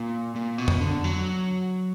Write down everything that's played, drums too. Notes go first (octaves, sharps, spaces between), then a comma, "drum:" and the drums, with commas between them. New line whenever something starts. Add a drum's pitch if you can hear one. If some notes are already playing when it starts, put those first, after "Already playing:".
Already playing: A#2
A#2
B2
drum: tom F2
D3
F#3